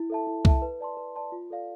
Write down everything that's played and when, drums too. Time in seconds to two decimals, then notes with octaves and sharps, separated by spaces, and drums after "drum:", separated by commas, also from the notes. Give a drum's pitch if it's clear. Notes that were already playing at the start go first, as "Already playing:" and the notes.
Already playing: E4
0.10 A4 E5 A5
0.27 E4
0.45 A4 E5 A5, drum: kick C2
0.62 B4
0.80 D5 A5 C6
0.97 B4
1.16 D5 A5 C6
1.32 F4
1.50 A4 D5 F5